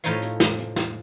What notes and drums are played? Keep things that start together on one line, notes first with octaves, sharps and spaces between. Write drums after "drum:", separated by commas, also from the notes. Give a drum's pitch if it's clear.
A2 F3 D#4 F4 C#5 F5
drum: hi-hat
drum: snare
drum: hi-hat
drum: snare